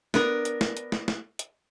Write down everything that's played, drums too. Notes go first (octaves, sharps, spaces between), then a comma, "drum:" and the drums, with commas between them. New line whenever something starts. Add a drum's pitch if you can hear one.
B3 D4 A#4, drum: snare
drum: hi-hat
drum: snare
drum: hi-hat
drum: snare
drum: snare
drum: hi-hat